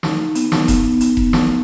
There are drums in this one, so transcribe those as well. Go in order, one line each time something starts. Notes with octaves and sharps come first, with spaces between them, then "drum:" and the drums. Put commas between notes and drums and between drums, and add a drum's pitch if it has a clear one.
D#4, drum: snare
B3, drum: hi-hat
drum: snare
B3, drum: kick E1, hi-hat
drum: hi-hat
drum: kick E1
drum: snare